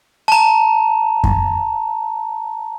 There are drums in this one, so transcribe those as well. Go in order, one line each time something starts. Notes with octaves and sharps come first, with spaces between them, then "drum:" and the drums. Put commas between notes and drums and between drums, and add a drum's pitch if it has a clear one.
A5 A#5
drum: kick F#2